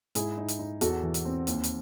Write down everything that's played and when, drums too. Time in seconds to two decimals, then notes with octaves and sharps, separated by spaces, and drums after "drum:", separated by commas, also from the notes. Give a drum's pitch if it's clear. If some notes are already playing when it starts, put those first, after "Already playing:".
0.15 G#2 E4 G#4, drum: hi-hat
0.37 D#4
0.48 drum: hi-hat
0.59 D#4
0.81 E2 F#4 A4, drum: hi-hat
1.03 E3
1.14 drum: hi-hat
1.25 C4
1.47 D#2, drum: hi-hat
1.64 drum: hi-hat